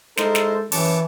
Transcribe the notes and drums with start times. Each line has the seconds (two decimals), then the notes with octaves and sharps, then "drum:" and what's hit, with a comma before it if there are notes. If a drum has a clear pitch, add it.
0.17 G#3 D#4 E4 A4 A#4 C5, drum: snare
0.35 drum: snare
0.72 F#2 C#3 E3 A5 C#6 D6, drum: open hi-hat